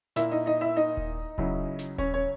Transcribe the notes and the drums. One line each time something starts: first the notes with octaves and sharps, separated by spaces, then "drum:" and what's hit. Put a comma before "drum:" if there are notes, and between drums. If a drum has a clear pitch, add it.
A#2 A#3 E4 E5, drum: snare
D#4 D#5
D#4 D#5
E4 E5
D#4 D#5
drum: kick D#1
C#3 F#3 C#4 E4, drum: kick D#1
drum: snare
C#4 C#5, drum: kick D#1
C#4 C#5